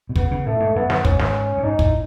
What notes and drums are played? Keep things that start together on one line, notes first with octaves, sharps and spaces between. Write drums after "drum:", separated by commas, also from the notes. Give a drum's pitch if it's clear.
B2
C#3 B3, drum: kick
C#3
A2 A3
G#2
F#2 B3
F#2, drum: snare
G#2 C#4, drum: kick
drum: snare
F#2
G#2 D#4
A2, drum: kick